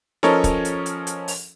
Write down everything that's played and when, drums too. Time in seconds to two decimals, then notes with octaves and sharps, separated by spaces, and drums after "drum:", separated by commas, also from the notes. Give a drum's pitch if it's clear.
0.23 F3 C#4 A4 A#4 C#5 D#5, drum: snare
0.44 drum: kick, hi-hat
0.65 drum: hi-hat
0.86 drum: hi-hat
1.07 drum: hi-hat
1.28 drum: open hi-hat